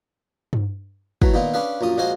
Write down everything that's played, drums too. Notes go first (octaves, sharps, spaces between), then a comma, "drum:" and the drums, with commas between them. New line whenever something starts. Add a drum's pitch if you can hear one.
drum: tom G2
E3 F#3 A3, drum: kick
A#2 D#3 B3 F4
C#4 D4 G#4 B4 F5
A#1 F#2 F4 D#6
A#1 G#3 F#4 C5 F5 G#5